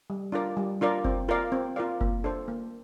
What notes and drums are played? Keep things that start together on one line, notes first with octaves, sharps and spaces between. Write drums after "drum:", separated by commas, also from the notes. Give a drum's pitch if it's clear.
G3
D4 F4 A#4 D5
G3
D4 F4 A#4 D5
C4, drum: kick F#1
F4 A#4 D5 F5
C4
F4 A#4 D5 F5
A#3, drum: kick F#1
D4 A4 C5
A#3